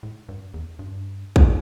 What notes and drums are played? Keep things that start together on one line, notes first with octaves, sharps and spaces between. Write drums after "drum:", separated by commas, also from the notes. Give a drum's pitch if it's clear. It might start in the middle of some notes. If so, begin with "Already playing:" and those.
A2
G2
E2
G2
drum: kick